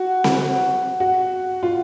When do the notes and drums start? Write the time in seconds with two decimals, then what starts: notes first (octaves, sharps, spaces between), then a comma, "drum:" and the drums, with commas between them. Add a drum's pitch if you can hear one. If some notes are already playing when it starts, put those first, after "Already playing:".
Already playing: F#4
0.24 drum: snare C4
1.00 F#4
1.63 F4